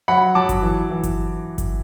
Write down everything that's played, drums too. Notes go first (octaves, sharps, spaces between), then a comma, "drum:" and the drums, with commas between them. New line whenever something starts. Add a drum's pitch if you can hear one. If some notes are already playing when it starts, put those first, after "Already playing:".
F#3 F#5 B5
F#3 A5 D6
drum: kick G1, hi-hat
E3
E3
drum: kick G1, hi-hat
drum: kick G1, hi-hat